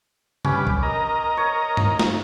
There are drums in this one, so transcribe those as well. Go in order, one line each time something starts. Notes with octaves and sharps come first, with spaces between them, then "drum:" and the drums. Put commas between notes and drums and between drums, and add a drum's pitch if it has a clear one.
G2 C#4 B4 D6, drum: tom C3
drum: kick B1
A#4 D#5 A#5
C#5
drum: tom G2
drum: snare